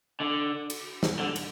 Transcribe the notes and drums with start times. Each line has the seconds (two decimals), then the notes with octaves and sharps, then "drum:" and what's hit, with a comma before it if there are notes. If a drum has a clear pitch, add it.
0.20 D3
0.70 drum: cymbal
1.03 drum: snare
1.19 D3
1.36 drum: cymbal